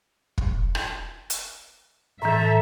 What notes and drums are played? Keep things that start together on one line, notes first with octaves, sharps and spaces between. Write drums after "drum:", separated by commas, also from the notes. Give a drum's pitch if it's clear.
drum: kick
drum: rim click
drum: hi-hat
A2 E3 A4 E5 A#5